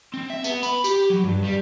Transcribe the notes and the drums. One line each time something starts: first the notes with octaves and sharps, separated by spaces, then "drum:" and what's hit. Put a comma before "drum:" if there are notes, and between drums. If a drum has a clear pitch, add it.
C4
E5
B3, drum: tambourine
B5, drum: tambourine
G4, drum: tambourine
F#3
G2
G3